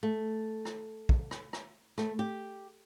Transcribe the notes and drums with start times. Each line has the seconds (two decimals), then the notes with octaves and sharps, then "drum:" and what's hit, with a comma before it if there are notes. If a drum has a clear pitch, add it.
0.03 A3
0.65 drum: rim click
1.09 drum: kick
1.31 drum: rim click
1.53 drum: rim click
1.98 A3, drum: rim click
2.19 G4